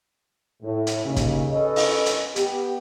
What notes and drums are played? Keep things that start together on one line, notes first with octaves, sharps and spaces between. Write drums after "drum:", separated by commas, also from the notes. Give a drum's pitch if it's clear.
A2
drum: hi-hat
D#2 C#3
drum: kick, hi-hat
C#4 A4 B4 D#5
drum: open hi-hat
drum: hi-hat
B3 G4, drum: hi-hat